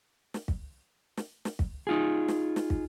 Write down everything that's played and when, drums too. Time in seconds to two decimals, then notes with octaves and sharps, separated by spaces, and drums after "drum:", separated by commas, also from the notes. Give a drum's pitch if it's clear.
0.34 drum: snare
0.48 drum: kick
1.17 drum: snare
1.45 drum: snare
1.59 drum: kick
1.87 D#4 F4 G#4
2.28 drum: snare
2.56 drum: snare
2.70 drum: kick